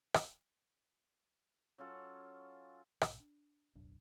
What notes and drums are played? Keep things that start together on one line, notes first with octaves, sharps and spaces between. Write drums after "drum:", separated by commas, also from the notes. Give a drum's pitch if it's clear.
drum: rim click
F#3 C#4 F4 A4
A#1 G#2 B2, drum: rim click
D4
D1 B1 F#2 D4